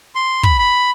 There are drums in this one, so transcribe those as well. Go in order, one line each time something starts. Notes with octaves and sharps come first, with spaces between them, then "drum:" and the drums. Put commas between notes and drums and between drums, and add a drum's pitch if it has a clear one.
C6
B5, drum: kick
B5